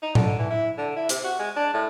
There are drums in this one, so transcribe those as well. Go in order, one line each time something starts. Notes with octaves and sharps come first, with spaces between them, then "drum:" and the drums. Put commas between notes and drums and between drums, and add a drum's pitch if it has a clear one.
D#4
D3, drum: tom A2
E3
E4
D3
E4
C3, drum: hi-hat
F#4
G#3
D4
A2